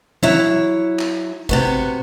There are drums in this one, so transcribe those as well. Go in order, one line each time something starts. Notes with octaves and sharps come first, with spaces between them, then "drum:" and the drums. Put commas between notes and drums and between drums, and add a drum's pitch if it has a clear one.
F#3 E4 C#5, drum: tom E3
drum: clap
C3 B3 F#4, drum: kick A1